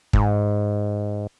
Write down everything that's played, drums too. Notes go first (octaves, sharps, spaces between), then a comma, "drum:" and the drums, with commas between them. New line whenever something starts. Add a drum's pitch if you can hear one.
G#2, drum: kick